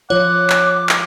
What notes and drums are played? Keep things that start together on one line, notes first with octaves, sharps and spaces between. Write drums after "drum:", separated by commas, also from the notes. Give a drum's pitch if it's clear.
F3 F4 C#5 F#5 D6
drum: clap
drum: clap